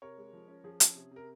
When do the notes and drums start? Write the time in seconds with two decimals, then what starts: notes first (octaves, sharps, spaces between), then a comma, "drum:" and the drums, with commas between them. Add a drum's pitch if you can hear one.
0.02 C3 A#4 C#5
0.17 G#3
0.33 F3
0.48 C#4
0.64 F3 G#4
0.80 C#4, drum: hi-hat
0.95 C3
1.11 C3 A#4